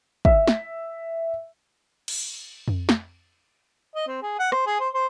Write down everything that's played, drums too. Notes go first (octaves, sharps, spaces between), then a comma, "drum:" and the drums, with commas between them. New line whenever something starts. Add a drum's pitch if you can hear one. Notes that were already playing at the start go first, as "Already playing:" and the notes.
E5, drum: kick
drum: snare
drum: cymbal
drum: tom F2
drum: snare
D#5
C4
G#4
F#5
C5, drum: rim click
G#4
C5
C5